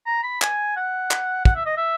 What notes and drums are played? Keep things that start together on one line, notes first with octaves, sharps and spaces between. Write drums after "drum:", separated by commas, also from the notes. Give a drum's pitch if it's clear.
A#5
B5
G#5, drum: clap
F#5
drum: clap
F#5, drum: kick
E5
D#5
E5